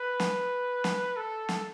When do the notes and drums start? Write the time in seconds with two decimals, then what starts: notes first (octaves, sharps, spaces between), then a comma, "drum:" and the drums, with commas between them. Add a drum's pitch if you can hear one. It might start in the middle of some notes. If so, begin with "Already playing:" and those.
Already playing: B4
0.20 drum: snare
0.84 drum: snare
1.17 A4
1.49 drum: snare